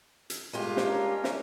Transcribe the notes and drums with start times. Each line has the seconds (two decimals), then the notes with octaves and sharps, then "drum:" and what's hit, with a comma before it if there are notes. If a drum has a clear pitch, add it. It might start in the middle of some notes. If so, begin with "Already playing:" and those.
0.30 drum: hi-hat
0.53 G2 A#2 G#3 A3 F4 G4
0.77 drum: snare
0.86 C#4 D4 A#4
1.24 drum: snare